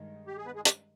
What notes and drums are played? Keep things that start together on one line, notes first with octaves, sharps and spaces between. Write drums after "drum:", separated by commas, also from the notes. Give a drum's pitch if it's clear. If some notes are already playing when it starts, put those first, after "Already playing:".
Already playing: G2 D#3 G#3
G4
G#4
B3 B4
G#3 G#4
G3 G4, drum: hi-hat